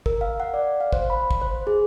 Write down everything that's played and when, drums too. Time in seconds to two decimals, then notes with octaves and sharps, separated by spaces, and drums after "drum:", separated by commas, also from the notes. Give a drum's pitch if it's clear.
0.06 A#4, drum: kick
0.21 F5
0.40 F#5
0.54 D5
0.80 F5
0.92 C5, drum: kick
1.10 B5
1.31 drum: kick
1.42 C5
1.67 G#4